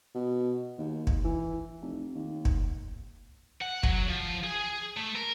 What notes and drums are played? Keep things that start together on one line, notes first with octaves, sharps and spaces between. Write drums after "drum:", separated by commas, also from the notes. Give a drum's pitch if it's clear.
B2
D#2
drum: kick
E3
F1
D#2
drum: kick
F#5
F#3, drum: kick
F3
G#4
A3
A#4